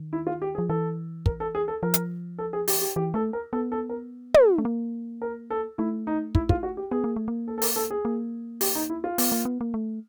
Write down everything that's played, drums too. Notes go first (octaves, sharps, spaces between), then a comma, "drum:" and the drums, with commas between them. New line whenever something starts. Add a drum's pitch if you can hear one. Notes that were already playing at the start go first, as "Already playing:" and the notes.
Already playing: D#3
E4
F4
G4
G#4
F3
E3 A4
A#4, drum: kick
A4
G#4
A4
F3 A#4
drum: hi-hat
A4
G#4
G4, drum: open hi-hat
G4
E3 G4
A3 A4
A#4
B3 A4
A4
A#4
drum: tom
A3
A#3
A#4
A4
A3 E4
D#4
E4, drum: kick
F4, drum: kick
F#4
G4
B3 G#4
A#3
A3
A#3
A4
A4
A#4, drum: open hi-hat
A4
G#4
A#3
G4, drum: open hi-hat
D#4
E4
F4
B3, drum: open hi-hat
A#3
B3
A#3
A3